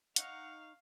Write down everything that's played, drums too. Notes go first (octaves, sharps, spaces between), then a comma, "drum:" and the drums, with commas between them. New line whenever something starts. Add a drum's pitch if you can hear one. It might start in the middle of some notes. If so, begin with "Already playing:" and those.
D#4 C#5 F5 F#5, drum: hi-hat